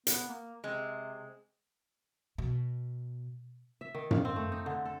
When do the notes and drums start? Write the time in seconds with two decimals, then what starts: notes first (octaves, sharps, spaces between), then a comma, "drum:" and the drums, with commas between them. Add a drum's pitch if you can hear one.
0.07 B3, drum: hi-hat
0.28 A#3
0.64 C3 G#3 C4
2.38 B2
3.81 E5
3.95 D#3
4.11 F5, drum: tom F#2
4.25 C4
4.36 A3
4.52 D#4
4.66 D3
4.85 A4